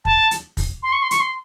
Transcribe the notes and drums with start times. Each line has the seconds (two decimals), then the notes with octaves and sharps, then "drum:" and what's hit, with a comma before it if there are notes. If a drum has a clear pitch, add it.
0.05 A5, drum: kick
0.31 drum: hi-hat
0.57 drum: kick, open hi-hat
0.83 C6
0.92 C#6
1.02 C6
1.11 C#6, drum: hi-hat
1.20 C6